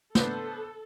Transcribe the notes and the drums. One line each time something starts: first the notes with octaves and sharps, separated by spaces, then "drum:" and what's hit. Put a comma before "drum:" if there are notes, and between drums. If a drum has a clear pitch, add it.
B3 D4 A4 C5, drum: snare